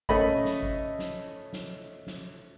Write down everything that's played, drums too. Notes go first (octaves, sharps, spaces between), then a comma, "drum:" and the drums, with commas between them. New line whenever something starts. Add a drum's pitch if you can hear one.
A3 C#4 D#5 B5, drum: kick G#1
drum: tom A#2
drum: snare
drum: kick G#1
drum: snare
drum: snare
drum: snare